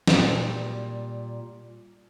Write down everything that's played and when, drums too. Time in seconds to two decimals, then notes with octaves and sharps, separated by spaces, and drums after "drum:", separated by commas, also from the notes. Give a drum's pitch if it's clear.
0.08 A#2 G3, drum: snare